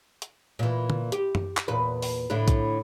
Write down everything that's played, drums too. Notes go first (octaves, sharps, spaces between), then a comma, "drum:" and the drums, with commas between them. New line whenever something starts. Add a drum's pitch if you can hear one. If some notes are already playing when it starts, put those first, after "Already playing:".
drum: hi-hat
A#2 E3
drum: tom
G4, drum: hi-hat
drum: tom F#2
drum: clap
E2 A#2 B4
drum: open hi-hat
A2 D3 E4
drum: kick B1, hi-hat